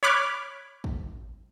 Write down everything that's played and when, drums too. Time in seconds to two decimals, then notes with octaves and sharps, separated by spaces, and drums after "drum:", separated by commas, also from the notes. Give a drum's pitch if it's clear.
0.03 C#5 B5 D6 F6 F#6 G#6
0.84 drum: kick